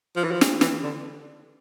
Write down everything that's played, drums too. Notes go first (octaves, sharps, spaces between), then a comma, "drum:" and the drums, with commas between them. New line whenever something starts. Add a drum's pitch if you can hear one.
F3
E3
F3
drum: snare
E3, drum: snare
D3